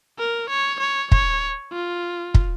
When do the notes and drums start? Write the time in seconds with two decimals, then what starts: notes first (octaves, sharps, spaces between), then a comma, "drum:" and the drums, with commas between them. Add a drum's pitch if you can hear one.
0.19 A#4
0.50 C#5
0.80 C#5
1.12 C#5, drum: kick
1.72 F4
2.34 drum: kick